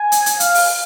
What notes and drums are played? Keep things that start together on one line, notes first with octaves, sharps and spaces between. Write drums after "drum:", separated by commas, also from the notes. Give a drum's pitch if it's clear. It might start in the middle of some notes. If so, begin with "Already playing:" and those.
Already playing: G#5
drum: hi-hat
drum: hi-hat
F5, drum: hi-hat
drum: open hi-hat